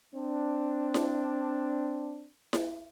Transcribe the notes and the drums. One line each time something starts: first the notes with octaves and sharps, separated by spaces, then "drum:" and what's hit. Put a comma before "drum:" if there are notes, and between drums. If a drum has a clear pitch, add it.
C4 D4
drum: snare E4
drum: snare E4